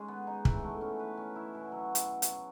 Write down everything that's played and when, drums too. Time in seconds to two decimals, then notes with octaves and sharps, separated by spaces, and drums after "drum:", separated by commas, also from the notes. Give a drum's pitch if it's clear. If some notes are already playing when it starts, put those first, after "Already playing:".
Already playing: G#3 C#4 D#4 G#4
0.08 B3
0.27 D#4
0.45 E3, drum: kick
0.64 A3
0.81 C#4
0.99 B4
1.17 C#4
1.36 E4
1.55 B2
1.72 F#3
1.95 drum: hi-hat
2.22 drum: hi-hat